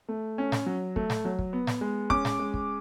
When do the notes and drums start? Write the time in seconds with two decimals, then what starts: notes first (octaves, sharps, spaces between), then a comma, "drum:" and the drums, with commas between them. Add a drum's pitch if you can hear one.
0.09 A3
0.38 C#4
0.52 drum: snare
0.66 F#3
0.96 A3, drum: kick
1.10 drum: snare
1.25 F#3
1.39 drum: kick
1.53 B3
1.67 drum: snare
1.81 G#3
2.10 C#4 D6, drum: kick
2.25 drum: snare
2.39 G#3
2.54 drum: kick